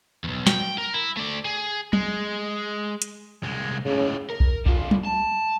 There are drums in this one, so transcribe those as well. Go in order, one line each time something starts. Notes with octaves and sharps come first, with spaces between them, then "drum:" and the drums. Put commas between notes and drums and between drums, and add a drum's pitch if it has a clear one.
B1 E2
G5, drum: snare
A#4
E4
A3 D5
G#4
G#3, drum: tom F#3
drum: hi-hat
C2 G#3
C#2 A2 C#3
A#4
drum: kick B1
D3 F4, drum: kick B1
drum: tom F#3
A5